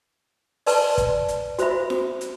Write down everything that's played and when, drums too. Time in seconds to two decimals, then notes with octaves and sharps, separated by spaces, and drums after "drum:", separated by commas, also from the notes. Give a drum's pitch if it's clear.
0.66 B4 D5 A5 C6, drum: open hi-hat
0.98 drum: kick, hi-hat
1.28 drum: hi-hat
1.59 F#4 C5 E5 B5, drum: hi-hat
1.90 drum: snare F4
2.21 drum: hi-hat